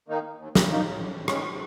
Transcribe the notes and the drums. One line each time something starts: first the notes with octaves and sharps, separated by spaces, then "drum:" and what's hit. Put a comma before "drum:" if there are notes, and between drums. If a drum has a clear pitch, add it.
D#3 A#3 D#4
D#2
drum: snare
D#3 A#3 D#4
F#2
D#3 G#3 C#4, drum: rim click